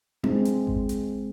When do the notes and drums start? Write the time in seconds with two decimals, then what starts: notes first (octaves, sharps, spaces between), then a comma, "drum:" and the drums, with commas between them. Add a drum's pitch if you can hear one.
0.24 G#3 C4, drum: tom D4
0.45 drum: hi-hat
0.67 drum: kick G#1
0.89 drum: hi-hat